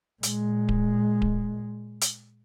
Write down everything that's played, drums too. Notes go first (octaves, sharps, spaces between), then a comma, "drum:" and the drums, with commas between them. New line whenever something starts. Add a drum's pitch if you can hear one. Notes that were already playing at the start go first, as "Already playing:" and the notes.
A#2 G#3, drum: hi-hat
drum: kick D1
drum: kick D1
drum: hi-hat